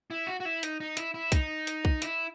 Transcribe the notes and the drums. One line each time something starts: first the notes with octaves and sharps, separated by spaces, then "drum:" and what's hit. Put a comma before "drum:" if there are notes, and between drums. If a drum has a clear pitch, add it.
E4
F#4
F#4
E4
D#4, drum: hi-hat
D#4
E4, drum: hi-hat
E4
D#4, drum: kick, hi-hat
drum: hi-hat
drum: kick
E4, drum: hi-hat